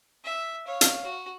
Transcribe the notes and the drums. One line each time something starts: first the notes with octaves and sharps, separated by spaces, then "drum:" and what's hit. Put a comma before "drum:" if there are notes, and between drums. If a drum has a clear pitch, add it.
E5
C#5 F5
drum: hi-hat
F#4